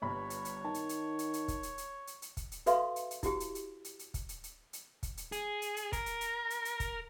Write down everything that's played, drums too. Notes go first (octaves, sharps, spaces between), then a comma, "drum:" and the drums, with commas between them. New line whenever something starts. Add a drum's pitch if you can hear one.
G1 G2 C#5 B5
drum: hi-hat
drum: hi-hat
D#3 A5
drum: hi-hat
drum: hi-hat
drum: hi-hat
drum: hi-hat
drum: kick, hi-hat
drum: hi-hat
drum: hi-hat
drum: hi-hat
drum: hi-hat
drum: kick, hi-hat
drum: hi-hat
F#4 A4 B4 E5 F5 C6, drum: hi-hat
drum: hi-hat
drum: hi-hat
E4 F#4 G4, drum: kick, hi-hat
drum: hi-hat
drum: hi-hat
drum: hi-hat
drum: hi-hat
drum: kick, hi-hat
drum: hi-hat
drum: hi-hat
drum: hi-hat
drum: kick, hi-hat
drum: hi-hat
G#4, drum: hi-hat
drum: hi-hat
drum: hi-hat
A#4, drum: kick, hi-hat
drum: hi-hat
drum: hi-hat
drum: hi-hat
drum: hi-hat
drum: kick, hi-hat